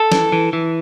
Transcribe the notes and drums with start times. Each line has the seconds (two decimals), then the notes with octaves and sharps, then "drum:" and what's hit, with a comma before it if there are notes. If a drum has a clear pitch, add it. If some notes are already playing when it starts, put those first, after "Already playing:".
Already playing: A4
0.12 E3, drum: snare
0.32 E3
0.53 E3